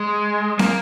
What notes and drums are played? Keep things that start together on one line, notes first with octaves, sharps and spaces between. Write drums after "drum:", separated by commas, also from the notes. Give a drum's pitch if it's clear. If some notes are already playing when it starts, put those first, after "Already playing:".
Already playing: G#3
A#3, drum: snare